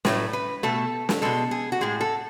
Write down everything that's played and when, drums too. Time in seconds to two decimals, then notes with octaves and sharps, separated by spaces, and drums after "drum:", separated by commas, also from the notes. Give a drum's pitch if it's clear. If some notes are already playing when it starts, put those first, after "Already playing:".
0.05 A2 F#3 A3 B4, drum: snare
0.33 B4
0.63 B2 A3 A4
1.09 drum: snare
1.22 B2 G#3 A4
1.51 G#4
1.72 F#4
1.81 A2 G#3 G#4
2.01 A4